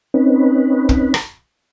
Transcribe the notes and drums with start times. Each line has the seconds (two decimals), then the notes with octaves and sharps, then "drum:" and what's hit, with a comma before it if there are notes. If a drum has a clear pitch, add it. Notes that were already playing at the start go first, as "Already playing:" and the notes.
0.14 C4 C#4 D#4 B4
0.89 drum: kick
1.14 drum: rim click